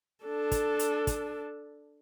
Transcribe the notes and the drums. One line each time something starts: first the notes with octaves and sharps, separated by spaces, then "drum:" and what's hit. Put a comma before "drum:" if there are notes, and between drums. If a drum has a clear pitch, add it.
D4 A4
drum: kick, hi-hat
drum: hi-hat
drum: kick, hi-hat